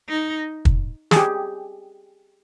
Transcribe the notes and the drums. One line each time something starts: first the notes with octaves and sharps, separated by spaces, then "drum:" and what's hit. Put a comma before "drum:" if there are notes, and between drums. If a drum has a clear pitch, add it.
D#4
drum: kick
G#4, drum: snare
G4